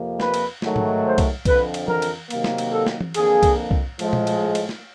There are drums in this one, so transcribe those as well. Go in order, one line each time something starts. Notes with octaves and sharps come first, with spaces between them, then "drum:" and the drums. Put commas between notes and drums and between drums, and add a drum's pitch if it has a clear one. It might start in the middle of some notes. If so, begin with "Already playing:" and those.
Already playing: F2 C3 F3 A#3
B4, drum: snare
drum: cymbal
G#2 D#3 F#3 A3, drum: snare
drum: tom G#2
C5
drum: kick C2, cymbal
F2 D3 F3 B4, drum: kick C2, cymbal
drum: cymbal
A#4, drum: tom E3
drum: cymbal
C3 D#3 F#3 A#3, drum: cymbal
drum: snare
drum: cymbal
A4
drum: snare
drum: tom E3
F2 D3 F3 A#3 G#4, drum: cymbal
drum: kick C2, cymbal
drum: kick C2
A2 F3 G#3, drum: cymbal
drum: tom A#2
drum: cymbal
drum: cymbal
drum: snare